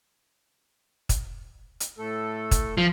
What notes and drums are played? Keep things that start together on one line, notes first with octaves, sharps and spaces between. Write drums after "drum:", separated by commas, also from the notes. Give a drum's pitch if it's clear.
drum: kick, hi-hat
drum: hi-hat
A2 A3 A4
drum: kick, hi-hat
F3